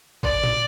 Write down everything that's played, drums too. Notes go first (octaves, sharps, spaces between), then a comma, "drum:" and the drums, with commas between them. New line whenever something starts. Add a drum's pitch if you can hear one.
D5, drum: kick G#1
drum: tom A#2